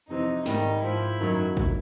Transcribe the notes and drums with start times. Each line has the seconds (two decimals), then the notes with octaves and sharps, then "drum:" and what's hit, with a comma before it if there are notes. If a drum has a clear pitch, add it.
0.09 F2 C3 E3 D#4
0.46 G#2 D#3 G3 D#4, drum: snare
0.82 G#2 F3 E4
1.20 F#2 D#3 F#3
1.57 drum: kick A1